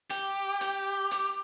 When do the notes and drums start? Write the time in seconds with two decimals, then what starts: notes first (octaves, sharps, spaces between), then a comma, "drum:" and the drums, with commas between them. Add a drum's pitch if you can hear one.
0.10 G4, drum: hi-hat
0.61 drum: hi-hat
1.11 drum: hi-hat